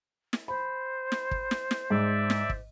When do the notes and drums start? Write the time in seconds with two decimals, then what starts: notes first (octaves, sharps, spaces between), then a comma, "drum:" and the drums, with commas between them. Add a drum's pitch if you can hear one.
0.33 drum: snare
0.48 C5 B5
1.12 drum: snare
1.31 drum: kick
1.51 drum: snare
1.71 drum: snare
1.90 G#2 D5 E5
2.30 drum: snare
2.50 drum: kick